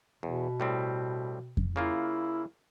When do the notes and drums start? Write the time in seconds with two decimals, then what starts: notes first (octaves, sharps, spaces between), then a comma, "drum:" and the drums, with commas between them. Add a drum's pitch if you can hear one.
0.23 E2 B2
0.60 A2 G3 C4
1.57 drum: kick F2
1.76 C#3 A#3 E4 F4